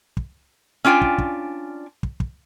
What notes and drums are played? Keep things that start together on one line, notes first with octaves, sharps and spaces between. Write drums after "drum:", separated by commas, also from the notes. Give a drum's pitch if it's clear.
drum: kick
C#4 D4 F4 G5 G#5
drum: kick
drum: kick
drum: kick
drum: kick